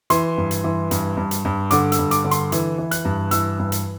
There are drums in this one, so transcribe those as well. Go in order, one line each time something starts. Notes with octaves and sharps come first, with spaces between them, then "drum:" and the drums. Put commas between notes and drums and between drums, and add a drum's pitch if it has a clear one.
E3 C6, drum: hi-hat
G2
drum: hi-hat
E3
G2, drum: hi-hat
G2
drum: hi-hat
G2
D3 D6, drum: hi-hat
E6, drum: hi-hat
G2
D6, drum: hi-hat
D3
C6, drum: hi-hat
E3, drum: hi-hat
E3
F#6, drum: hi-hat
G2
E3 E6, drum: hi-hat
G2
drum: hi-hat